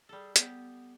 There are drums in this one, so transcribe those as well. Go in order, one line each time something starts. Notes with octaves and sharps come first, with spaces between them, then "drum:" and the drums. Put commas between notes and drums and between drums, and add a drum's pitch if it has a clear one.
G3 G#4 A4
B3 G4, drum: hi-hat